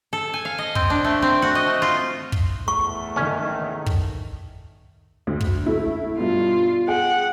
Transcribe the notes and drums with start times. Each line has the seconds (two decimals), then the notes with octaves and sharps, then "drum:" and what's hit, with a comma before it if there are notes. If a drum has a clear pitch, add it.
0.13 A4
0.34 G#5
0.45 F5
0.58 D#5
0.75 C4, drum: kick
0.90 D4
1.05 A3
1.22 C4
1.42 F#4
1.55 D#5
1.67 A3
1.82 F4
2.32 drum: kick
2.68 E2 A3 C#6
3.16 D#3 C#4
3.86 drum: kick
5.27 D2
5.41 drum: kick
5.66 A3 E4
6.18 G2 B2 F4
6.88 G#4 F#5 G5